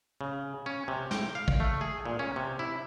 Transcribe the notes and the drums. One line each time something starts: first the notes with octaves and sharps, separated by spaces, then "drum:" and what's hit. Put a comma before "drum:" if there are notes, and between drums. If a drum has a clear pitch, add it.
C#3
C#4
C3
G5, drum: snare
F5
drum: kick
A3
G#4
A#2
C#4
C3
E4